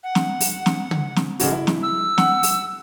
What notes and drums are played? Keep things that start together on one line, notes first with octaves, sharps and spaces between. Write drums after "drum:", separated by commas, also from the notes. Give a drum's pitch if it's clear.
F#5
drum: snare
drum: open hi-hat
drum: snare
drum: tom
drum: snare
A1 C#3 F#4, drum: open hi-hat
E4
drum: snare
E6
F#5, drum: snare
drum: open hi-hat